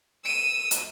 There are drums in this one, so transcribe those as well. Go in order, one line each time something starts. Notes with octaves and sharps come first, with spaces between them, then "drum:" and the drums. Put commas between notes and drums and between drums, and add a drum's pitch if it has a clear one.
E6 D#7
drum: hi-hat